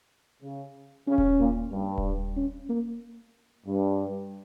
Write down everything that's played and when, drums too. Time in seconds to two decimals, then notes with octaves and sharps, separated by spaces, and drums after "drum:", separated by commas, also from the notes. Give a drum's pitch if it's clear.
0.42 C#3
1.07 C#3 C#4
1.18 drum: kick D#1
1.39 A#2
1.72 G2
1.98 drum: kick D#1
2.36 C#4
2.69 A#3
3.66 G2